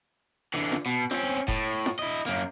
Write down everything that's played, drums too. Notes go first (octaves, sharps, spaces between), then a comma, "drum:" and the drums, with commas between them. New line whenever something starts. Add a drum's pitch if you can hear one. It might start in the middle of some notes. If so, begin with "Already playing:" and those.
D3 E3
drum: snare F4
B2
C4 C#4, drum: snare F4
drum: hi-hat
A2, drum: kick F1, hi-hat
drum: hi-hat
drum: snare F4
E4 D#5
F#2 A#3, drum: hi-hat